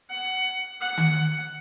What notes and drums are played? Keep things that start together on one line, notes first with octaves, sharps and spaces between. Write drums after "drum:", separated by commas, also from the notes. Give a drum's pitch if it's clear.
F#5
F#5
drum: tom D#3